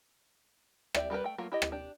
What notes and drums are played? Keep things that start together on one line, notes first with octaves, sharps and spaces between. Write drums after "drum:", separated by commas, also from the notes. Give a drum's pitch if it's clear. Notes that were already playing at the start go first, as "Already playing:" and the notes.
G4 D5 E5, drum: rim click
G3 G4 A#4 B4
A3 G5
F#3 A3 A#3 F4
E4 G4 D#5
drum: rim click
D4 G4